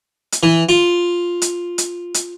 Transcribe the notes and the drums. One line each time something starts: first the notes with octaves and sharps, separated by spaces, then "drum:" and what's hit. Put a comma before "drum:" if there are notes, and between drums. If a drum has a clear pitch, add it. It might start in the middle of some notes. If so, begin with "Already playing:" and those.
drum: hi-hat
E3
F4
drum: hi-hat
drum: hi-hat
drum: hi-hat